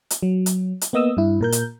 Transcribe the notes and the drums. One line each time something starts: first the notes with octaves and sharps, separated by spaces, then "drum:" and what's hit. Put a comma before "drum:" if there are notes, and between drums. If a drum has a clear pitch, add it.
drum: hi-hat
F#3
drum: hi-hat
drum: hi-hat
A#3 B3 D#5 D#6 E6
G2 E4
A#2 A#4 G6
drum: hi-hat